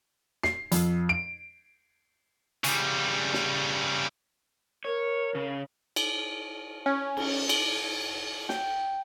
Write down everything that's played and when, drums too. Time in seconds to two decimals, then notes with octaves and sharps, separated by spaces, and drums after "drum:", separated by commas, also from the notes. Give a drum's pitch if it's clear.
0.44 C7, drum: snare
0.72 F2, drum: hi-hat
1.09 D7
2.64 C#3 G3, drum: hi-hat
3.34 drum: snare
4.85 A#4 C#5
5.35 C#3
5.96 drum: cymbal
6.86 C#4
7.17 drum: cymbal
7.49 drum: cymbal
8.49 G5, drum: snare